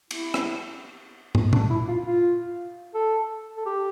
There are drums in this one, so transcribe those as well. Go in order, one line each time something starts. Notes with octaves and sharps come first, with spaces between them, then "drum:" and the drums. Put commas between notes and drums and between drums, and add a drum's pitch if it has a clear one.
E4, drum: cymbal
drum: rim click
drum: tom
D4, drum: tom
E4
F4
F4
A4
A4
G4